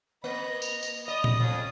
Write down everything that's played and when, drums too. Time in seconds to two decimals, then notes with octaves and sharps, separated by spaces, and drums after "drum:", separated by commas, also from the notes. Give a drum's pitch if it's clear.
0.24 A#3 D#5 B5
0.62 F7, drum: tambourine
0.83 drum: tambourine
1.08 D5 D#5 B5 D#6
1.24 drum: tom A#2
1.40 F2 C#4 D5